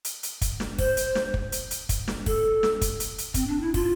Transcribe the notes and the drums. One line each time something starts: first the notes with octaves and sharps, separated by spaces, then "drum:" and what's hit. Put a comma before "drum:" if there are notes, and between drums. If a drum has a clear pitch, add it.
drum: hi-hat
drum: hi-hat
drum: kick, hi-hat
drum: snare
C5, drum: kick, open hi-hat
drum: hi-hat
drum: snare
drum: kick
drum: hi-hat
drum: hi-hat
drum: kick, hi-hat
drum: snare
A4, drum: kick, open hi-hat
drum: snare
drum: kick, hi-hat
drum: hi-hat
drum: hi-hat
C4, drum: kick, hi-hat
D4
E4
F4, drum: kick, open hi-hat